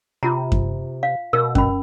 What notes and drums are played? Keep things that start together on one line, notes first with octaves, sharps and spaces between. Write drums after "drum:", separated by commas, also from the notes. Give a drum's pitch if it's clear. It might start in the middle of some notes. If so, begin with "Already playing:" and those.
C3 F4 A#5
drum: kick F#2
F5
B2 A#4 E6
C#4 B5, drum: kick F#2